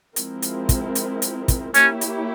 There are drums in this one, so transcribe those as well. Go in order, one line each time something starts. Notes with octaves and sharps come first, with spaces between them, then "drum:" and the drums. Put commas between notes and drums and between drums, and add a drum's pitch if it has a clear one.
F3 G#3 C4 E4 A#4, drum: hi-hat
drum: hi-hat
drum: kick, hi-hat
drum: hi-hat
drum: hi-hat
drum: kick, hi-hat
A#3 C#4 E4 G4 C#5, drum: hi-hat
drum: hi-hat